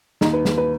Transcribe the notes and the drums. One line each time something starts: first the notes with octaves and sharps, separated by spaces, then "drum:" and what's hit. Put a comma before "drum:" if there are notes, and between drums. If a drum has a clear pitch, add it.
D#2 D#4, drum: snare
B4
D#2, drum: snare
B4